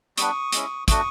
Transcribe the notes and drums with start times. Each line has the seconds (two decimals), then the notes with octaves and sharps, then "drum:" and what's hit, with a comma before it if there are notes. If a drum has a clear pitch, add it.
0.18 G3 B3 D4 C#6 D#6, drum: hi-hat
0.52 G#3 C#4 E4, drum: hi-hat
0.88 A3 D4 F#4 C#6 D#6, drum: kick, hi-hat